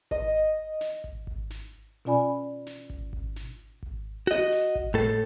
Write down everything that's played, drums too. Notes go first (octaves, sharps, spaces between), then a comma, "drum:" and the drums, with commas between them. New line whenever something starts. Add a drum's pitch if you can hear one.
D#5, drum: kick G#1
drum: snare
drum: kick G#1
drum: kick G#1
drum: snare
B2 C#4 F4 D5 G#5 B5
drum: snare
drum: kick G#1
drum: kick G#1
drum: snare
drum: kick G#1
F#4 D#5
drum: snare
drum: kick G#1
A2 A4